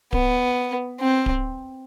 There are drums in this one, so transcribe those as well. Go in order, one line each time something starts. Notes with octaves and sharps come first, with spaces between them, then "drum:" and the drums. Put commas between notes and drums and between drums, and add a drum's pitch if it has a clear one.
B3, drum: kick D1
C4
drum: kick D1